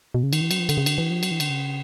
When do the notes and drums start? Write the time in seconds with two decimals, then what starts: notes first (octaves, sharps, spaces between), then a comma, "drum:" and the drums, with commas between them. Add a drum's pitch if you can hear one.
0.14 B2
0.23 C#3
0.33 D#3, drum: cymbal
0.41 E3
0.51 F#3, drum: cymbal
0.59 F3
0.69 D3, drum: cymbal
0.77 C#3
0.86 D3, drum: cymbal
0.98 E3
1.10 F3
1.23 F#3, drum: cymbal
1.31 E3
1.40 D3, drum: cymbal
1.50 C#3